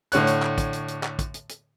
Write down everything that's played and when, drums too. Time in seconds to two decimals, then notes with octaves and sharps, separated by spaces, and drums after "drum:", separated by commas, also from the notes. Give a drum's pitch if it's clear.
0.12 A2 D3 C#5 F#6, drum: hi-hat
0.27 drum: hi-hat
0.42 drum: clap
0.58 drum: kick, hi-hat
0.73 drum: hi-hat
0.88 drum: hi-hat
1.03 drum: clap
1.19 drum: kick, hi-hat
1.34 drum: hi-hat
1.49 drum: hi-hat